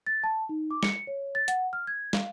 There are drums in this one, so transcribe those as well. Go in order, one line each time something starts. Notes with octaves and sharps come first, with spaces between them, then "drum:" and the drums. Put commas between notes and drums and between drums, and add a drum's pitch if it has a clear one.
A6
A5
D#4
D6
C#7, drum: snare
C#5
A6
F#5, drum: hi-hat
F6
G#6
F5, drum: snare